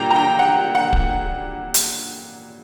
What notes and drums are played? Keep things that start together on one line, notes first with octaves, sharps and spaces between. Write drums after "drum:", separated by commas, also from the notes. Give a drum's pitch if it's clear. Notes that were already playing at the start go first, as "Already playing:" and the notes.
Already playing: A#2 G3 A#3 G5 A#5
A#5
G5
F#5
F#5
drum: kick
drum: hi-hat